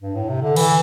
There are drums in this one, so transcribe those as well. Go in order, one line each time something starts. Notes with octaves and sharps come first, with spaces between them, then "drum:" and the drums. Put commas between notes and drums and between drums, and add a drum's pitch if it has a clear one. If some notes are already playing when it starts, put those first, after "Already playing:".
G2
A2
C3
D3
E3, drum: cymbal